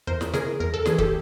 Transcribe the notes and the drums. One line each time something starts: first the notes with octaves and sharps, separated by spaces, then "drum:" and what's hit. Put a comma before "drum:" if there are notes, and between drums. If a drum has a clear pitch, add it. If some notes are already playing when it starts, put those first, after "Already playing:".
E2 A#4 C5
drum: snare
C#3 G#4 A#4, drum: snare
E2 A#4
A4
E3 G#4, drum: snare
G4 A4, drum: kick